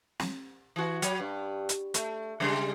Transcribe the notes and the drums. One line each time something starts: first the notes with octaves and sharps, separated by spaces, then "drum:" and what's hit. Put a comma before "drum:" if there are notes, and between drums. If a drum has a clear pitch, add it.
drum: snare
E3 F#4
F#3, drum: hi-hat
G2
drum: hi-hat
A3, drum: hi-hat
C#3 G3 G#3